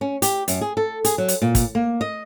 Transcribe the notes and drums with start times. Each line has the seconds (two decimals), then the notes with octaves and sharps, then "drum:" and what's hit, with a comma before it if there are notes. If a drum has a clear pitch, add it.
0.01 C#4
0.22 G4, drum: hi-hat
0.48 F#2, drum: hi-hat
0.61 G#4
0.77 A4
1.05 G#4, drum: hi-hat
1.18 F#3
1.28 drum: hi-hat
1.42 A#2
1.55 drum: kick, hi-hat
1.75 A#3
2.01 D#5